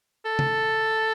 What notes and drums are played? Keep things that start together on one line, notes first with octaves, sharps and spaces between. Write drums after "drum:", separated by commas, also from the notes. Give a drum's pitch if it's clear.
A4
drum: tom C3